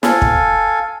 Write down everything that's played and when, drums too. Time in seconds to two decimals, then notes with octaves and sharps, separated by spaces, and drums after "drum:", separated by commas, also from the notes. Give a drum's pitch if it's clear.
0.03 A4 F5 G#5, drum: snare
0.22 drum: kick